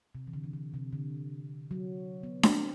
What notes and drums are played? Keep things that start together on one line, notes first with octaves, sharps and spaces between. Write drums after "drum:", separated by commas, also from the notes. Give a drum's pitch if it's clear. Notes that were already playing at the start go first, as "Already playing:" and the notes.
C3
E3
D3
E3
D3
C3
D3
F#3
B3
B3, drum: snare D4
C4